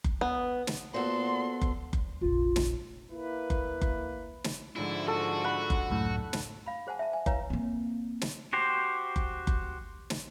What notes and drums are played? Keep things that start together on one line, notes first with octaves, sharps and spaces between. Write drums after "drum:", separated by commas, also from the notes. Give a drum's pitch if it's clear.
drum: kick F#1
B3
drum: snare
A#2 B3 F#4 A4 C5 C6
drum: kick F#1
drum: kick F#1
F1 A#1 F4
drum: snare
A#3 E4 B4
drum: kick F#1
drum: kick F#1
drum: snare
G#2 D3 F3 E4
F#4 A4
F#5 B5
drum: kick F#1
C#2 F#2 A2
drum: snare
F5 B5
G#4 C5 F#5 G#5 A5
E5 A5
G#5
E4 B4 C#5 F5 G#5 A#5, drum: kick F#1
A#3 C4
drum: snare
F#4 G4 C5
drum: kick F#1
drum: kick F#1
drum: snare